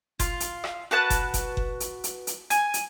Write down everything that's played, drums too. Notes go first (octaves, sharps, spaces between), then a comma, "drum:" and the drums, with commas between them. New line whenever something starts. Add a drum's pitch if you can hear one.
F4, drum: kick F#1, hi-hat
drum: hi-hat
drum: rim click
F#4 B4 A5 F#6
drum: kick F#1, hi-hat
drum: kick F#1, hi-hat
drum: kick F#1
drum: hi-hat
drum: hi-hat
drum: hi-hat
G#5, drum: hi-hat
drum: hi-hat